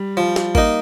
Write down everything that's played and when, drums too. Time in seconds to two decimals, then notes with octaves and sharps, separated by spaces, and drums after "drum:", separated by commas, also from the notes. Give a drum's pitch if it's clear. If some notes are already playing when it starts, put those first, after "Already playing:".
Already playing: G3
0.17 F3
0.36 drum: snare
0.55 A#3 D#4, drum: kick G#1